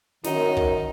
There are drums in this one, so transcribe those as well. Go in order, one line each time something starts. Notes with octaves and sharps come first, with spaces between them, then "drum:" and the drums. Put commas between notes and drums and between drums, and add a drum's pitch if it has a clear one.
F#2 D#3 D#4, drum: snare
drum: kick